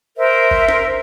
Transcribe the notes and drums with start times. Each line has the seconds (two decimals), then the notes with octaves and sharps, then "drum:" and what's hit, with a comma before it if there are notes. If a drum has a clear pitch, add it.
0.17 A#4 C5 E5
0.51 drum: kick
0.68 drum: snare